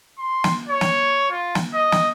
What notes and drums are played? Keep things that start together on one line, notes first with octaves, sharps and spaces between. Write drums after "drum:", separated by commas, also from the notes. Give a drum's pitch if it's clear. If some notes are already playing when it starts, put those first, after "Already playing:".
C6
drum: snare
C#5
drum: snare
F4
drum: snare
D#5
drum: snare